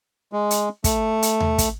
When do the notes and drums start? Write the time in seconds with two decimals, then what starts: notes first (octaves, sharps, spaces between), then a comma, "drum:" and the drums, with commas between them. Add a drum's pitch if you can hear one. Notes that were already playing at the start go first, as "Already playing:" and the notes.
0.33 G#3
0.51 drum: hi-hat
0.84 A3, drum: kick, hi-hat
1.22 drum: hi-hat
1.40 drum: tom D#2
1.58 drum: kick, hi-hat